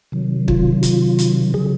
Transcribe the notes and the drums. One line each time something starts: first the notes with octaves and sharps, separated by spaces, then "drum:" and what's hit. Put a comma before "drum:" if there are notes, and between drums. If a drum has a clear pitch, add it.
C3 D#3 F#3
F4, drum: kick
F4, drum: hi-hat
drum: hi-hat
C#3 F#3 G#4